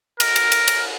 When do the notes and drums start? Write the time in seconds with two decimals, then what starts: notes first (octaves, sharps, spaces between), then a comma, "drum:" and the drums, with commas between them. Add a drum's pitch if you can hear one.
0.20 A#4, drum: cymbal
0.36 drum: cymbal
0.52 drum: cymbal
0.68 drum: cymbal